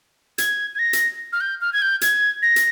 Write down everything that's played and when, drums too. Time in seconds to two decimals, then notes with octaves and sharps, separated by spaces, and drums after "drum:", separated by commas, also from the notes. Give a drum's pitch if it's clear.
0.38 G#6, drum: hi-hat
0.75 G#6
0.79 A#6
0.93 drum: hi-hat
1.33 F6
1.41 G6
1.61 F6
1.73 G#6
1.82 G6
2.01 G#6, drum: hi-hat
2.42 A#6
2.56 drum: hi-hat